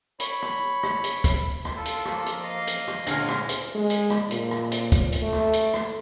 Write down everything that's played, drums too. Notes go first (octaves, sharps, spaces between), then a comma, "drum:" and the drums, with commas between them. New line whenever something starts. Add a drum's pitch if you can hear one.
C#5 B5, drum: hi-hat
drum: rim click
drum: rim click
drum: hi-hat
drum: kick, hi-hat
drum: rim click
F4 A4
drum: hi-hat
F3 A#3, drum: rim click
drum: hi-hat
D#5 F5
drum: hi-hat
drum: rim click
D2 A#2 G#3 C#4 F4 A#5, drum: hi-hat
drum: rim click
drum: hi-hat
G#3
drum: hi-hat
drum: rim click
A#2, drum: hi-hat
drum: rim click
drum: hi-hat
drum: kick, hi-hat
drum: hi-hat
A3
drum: rim click
drum: hi-hat
drum: rim click